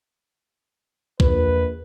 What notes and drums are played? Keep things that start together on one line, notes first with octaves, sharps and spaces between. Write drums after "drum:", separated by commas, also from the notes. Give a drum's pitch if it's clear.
A#1 E2 B4, drum: kick B1